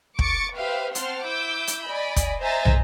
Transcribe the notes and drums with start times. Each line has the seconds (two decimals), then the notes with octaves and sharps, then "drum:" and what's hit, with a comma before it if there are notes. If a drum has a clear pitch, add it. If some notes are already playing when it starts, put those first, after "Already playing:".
0.19 C#6 D6 A6 C#7, drum: kick
0.58 G4 B4 C5 E5 F5
0.95 C4 C5 F#5 A5 C6 F6, drum: hi-hat
1.25 E4 D6 E6 G6
1.67 drum: hi-hat
1.86 D5 D#5 G#5 B5
2.16 drum: kick, hi-hat
2.41 C5 D#5 E5 G#5 A#5 A6
2.65 drum: tom